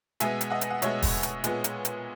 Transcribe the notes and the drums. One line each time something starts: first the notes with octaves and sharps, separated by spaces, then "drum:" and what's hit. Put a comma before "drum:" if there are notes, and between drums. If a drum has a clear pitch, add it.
B2 G#3 B3 E5 G#5, drum: hi-hat
drum: hi-hat
D#5 F#5
drum: hi-hat
F#5
B2 G#3 B3 C#5 E5, drum: hi-hat
drum: kick, open hi-hat
drum: hi-hat
A#2 G#3 B3, drum: hi-hat
drum: hi-hat
drum: hi-hat